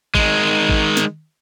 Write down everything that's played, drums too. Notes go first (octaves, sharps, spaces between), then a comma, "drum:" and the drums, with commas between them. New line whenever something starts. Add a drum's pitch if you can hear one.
D#3 G#3, drum: kick A1
drum: kick A1
drum: snare